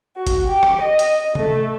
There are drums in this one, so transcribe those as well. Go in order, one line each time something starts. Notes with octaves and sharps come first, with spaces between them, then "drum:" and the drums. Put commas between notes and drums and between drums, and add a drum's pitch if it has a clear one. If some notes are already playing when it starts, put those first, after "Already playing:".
F#4
drum: kick, hi-hat
G4
drum: rim click
D#5
drum: hi-hat
A3, drum: tom C3